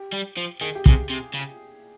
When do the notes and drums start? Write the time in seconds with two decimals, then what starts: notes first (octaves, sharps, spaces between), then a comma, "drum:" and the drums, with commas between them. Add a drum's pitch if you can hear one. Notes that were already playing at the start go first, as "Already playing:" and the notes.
Already playing: G4
0.12 G3
0.37 F3
0.61 D#3 G#4
0.75 G4
0.86 C3, drum: kick
0.88 G#4
1.10 C3
1.34 C#3